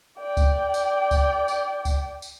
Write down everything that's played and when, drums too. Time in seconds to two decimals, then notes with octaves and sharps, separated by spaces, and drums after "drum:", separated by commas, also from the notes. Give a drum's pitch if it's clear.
0.18 D5 G5
0.37 drum: kick C#2, tambourine
0.74 drum: tambourine
1.11 drum: kick C#2, tambourine
1.48 drum: tambourine
1.85 drum: kick C#2, tambourine
2.22 drum: tambourine